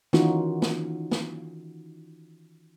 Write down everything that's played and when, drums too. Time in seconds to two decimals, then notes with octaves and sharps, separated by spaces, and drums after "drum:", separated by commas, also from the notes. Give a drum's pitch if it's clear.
0.13 D#3 E3 C#4 D#4 F4 F#4, drum: snare
0.62 drum: snare
1.11 drum: snare